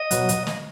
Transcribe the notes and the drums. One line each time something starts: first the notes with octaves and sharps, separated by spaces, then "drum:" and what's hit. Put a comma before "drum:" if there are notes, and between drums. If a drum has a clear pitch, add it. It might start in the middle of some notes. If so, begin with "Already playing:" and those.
Already playing: D#5
B2 F#3, drum: hi-hat
drum: hi-hat
drum: snare